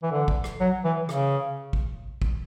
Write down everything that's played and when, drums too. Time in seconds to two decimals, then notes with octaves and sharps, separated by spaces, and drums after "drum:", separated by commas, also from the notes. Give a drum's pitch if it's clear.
0.03 E3
0.12 D3
0.28 drum: kick
0.44 drum: rim click
0.60 F#3
0.85 E3
1.09 C#3, drum: rim click
1.73 drum: kick
2.22 drum: kick